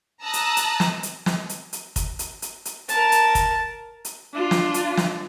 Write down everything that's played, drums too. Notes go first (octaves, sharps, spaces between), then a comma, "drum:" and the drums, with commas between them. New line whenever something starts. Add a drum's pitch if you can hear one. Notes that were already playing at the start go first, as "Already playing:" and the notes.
A5 A#5 D#6 E6 F#6 A#6
drum: hi-hat
drum: hi-hat
drum: snare
drum: hi-hat
drum: snare
drum: hi-hat
drum: hi-hat
drum: kick, hi-hat
drum: hi-hat
drum: hi-hat
drum: hi-hat
A#4 A5, drum: hi-hat
drum: hi-hat
drum: kick, hi-hat
drum: hi-hat
D4 F4
drum: snare
drum: hi-hat
drum: snare